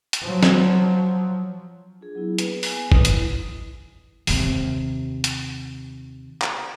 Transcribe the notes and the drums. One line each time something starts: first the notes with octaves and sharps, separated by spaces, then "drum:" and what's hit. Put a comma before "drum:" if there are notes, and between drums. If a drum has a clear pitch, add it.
drum: hi-hat
F3 F#3
drum: snare
D4 F4 G#4
F#3 B3 E4
A#3 B3 G#4 B4, drum: hi-hat
G#5, drum: open hi-hat
B4 D#5 D#6, drum: kick
E4, drum: hi-hat
D#2 C3, drum: open hi-hat
drum: hi-hat
drum: clap